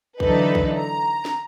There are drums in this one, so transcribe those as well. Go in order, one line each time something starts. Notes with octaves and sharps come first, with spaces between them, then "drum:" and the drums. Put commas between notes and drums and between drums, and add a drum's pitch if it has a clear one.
D3 E3 F#3 D#4 A4 B4, drum: kick B1
drum: kick B1
A#5
drum: snare